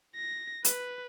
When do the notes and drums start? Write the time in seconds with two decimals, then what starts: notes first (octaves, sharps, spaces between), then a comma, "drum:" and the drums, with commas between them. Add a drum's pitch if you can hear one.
0.15 A#6
0.65 B4, drum: hi-hat